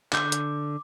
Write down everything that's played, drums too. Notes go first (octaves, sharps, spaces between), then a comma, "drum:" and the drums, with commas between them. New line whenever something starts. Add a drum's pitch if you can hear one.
D3 D6 G6, drum: clap
drum: hi-hat